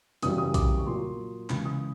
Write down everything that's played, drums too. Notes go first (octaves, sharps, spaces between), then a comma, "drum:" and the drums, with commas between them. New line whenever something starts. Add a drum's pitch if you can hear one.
F#2 C#3 E3 G3 D#6, drum: hi-hat
D#6
D6, drum: kick B1, hi-hat
C#6
A#2 F#3 A#3 C6
C#2 C#3 E3 G#3 B5, drum: clap
D#6